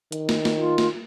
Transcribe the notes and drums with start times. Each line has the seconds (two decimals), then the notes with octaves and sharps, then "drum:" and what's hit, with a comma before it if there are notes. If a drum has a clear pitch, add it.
0.12 D#3, drum: hi-hat
0.29 drum: snare
0.45 drum: snare
0.58 F4
0.78 drum: snare